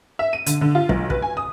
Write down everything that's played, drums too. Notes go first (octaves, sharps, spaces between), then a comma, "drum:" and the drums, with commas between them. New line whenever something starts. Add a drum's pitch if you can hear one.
E5
D#7
D3, drum: hi-hat
D3
F4
B1, drum: kick
B4, drum: kick
G#5
D#6